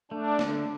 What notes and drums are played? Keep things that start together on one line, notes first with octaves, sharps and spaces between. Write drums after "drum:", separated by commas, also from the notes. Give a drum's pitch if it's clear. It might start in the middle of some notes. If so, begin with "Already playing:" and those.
A3 D4
D3, drum: snare